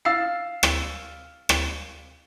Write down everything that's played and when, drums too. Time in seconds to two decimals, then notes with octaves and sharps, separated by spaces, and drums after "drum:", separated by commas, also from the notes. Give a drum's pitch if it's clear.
0.05 F5 E6 A6 C7
0.63 drum: rim click
1.49 drum: rim click